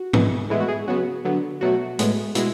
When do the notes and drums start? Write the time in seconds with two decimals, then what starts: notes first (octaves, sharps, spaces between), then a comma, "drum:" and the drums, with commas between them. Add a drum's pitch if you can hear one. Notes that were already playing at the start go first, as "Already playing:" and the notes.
Already playing: F#4
0.13 E3 G#3 B3, drum: tom
0.50 A2 E3 G#3 B3 E4
0.60 F#4
0.68 G#4
0.88 C#3 F#3 B3 F#4
1.25 D3 F#3 B3
1.61 B2 F#3 A3 F#4
1.99 A2 G#3 B3, drum: hi-hat
2.35 B2 G#3 E4, drum: hi-hat